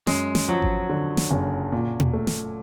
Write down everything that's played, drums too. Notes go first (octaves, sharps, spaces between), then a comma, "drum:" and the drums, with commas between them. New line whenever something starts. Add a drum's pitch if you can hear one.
F#2 G#3, drum: snare
drum: snare
F3 F#3
drum: kick G#1
D3
drum: snare
F#1
A#2
drum: tom B2
A3
drum: snare